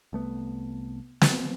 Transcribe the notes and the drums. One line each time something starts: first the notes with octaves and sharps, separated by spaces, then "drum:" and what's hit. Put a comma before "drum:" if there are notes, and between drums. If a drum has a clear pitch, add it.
C2 A3 B3
F3 F#3 A#3 C4, drum: snare